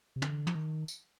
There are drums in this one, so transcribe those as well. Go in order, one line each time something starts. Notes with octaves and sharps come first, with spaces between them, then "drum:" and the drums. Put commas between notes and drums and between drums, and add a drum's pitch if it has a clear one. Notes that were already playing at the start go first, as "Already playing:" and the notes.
C3
D3, drum: tom
F3, drum: tom
D#3
drum: tambourine